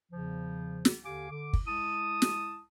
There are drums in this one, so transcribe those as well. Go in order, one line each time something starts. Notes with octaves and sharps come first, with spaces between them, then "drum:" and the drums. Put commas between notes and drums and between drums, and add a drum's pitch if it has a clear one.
E2 C#3 F3
drum: snare
D#2 D3 G4 F5 G#5 D6
D3 D6
drum: kick
G#3 E4 A5 D#6
drum: snare